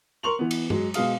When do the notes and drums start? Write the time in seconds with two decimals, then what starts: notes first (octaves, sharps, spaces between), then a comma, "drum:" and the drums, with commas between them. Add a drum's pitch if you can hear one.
0.23 A#4 C6 C#6 F7 F#7
0.39 E3 B3
0.51 drum: cymbal
0.70 F#3 G#3, drum: tom G2
0.94 B2 G#3 F5 D#6, drum: cymbal